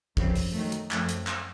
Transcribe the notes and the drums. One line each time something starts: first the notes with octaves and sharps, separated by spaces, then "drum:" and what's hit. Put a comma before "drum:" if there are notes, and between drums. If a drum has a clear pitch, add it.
F#2 C#3 F3 C4, drum: kick
drum: open hi-hat
D#3 F#3 A3
drum: hi-hat
F#2 F3 A3 C4, drum: clap
drum: hi-hat
drum: clap